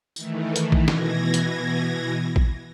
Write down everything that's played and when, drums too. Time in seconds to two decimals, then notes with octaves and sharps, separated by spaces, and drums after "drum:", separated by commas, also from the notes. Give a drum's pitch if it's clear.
0.16 D#3 E3 A3, drum: tambourine
0.56 drum: hi-hat
0.72 drum: kick
0.88 B2 E3 G#6 A#6, drum: snare
1.34 drum: hi-hat
2.36 drum: kick